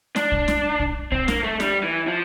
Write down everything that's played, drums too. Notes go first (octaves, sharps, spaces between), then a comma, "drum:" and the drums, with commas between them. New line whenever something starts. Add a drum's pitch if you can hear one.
D4, drum: snare
drum: kick
drum: snare
drum: kick
C4, drum: kick
A#3, drum: snare
A3
G3, drum: snare
E3
F3